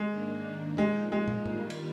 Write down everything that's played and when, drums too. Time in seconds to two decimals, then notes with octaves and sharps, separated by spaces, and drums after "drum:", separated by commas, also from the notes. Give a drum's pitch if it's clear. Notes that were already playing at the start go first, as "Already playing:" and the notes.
Already playing: G#3
0.09 G#2 D#3 A#3 D4
0.77 A#2 F3 G#3 A#3 D#4, drum: tom
1.12 G#3
1.28 drum: tom
1.46 G2 D#3 G3 A#3 F4, drum: tom
1.70 drum: cymbal